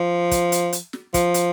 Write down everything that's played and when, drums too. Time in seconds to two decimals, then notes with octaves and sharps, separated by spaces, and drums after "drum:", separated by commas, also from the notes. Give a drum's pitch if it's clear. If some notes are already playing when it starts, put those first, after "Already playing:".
Already playing: F3
0.31 drum: kick, hi-hat
0.52 drum: hi-hat
0.73 drum: hi-hat
0.93 drum: snare
1.14 F3, drum: kick, hi-hat
1.34 drum: hi-hat